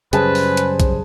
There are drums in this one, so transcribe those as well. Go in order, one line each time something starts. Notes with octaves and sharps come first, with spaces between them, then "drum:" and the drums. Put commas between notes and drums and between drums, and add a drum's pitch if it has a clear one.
F#2 C#3 G3 G#4 B4 C5 A5, drum: hi-hat
drum: open hi-hat
drum: hi-hat
drum: kick, hi-hat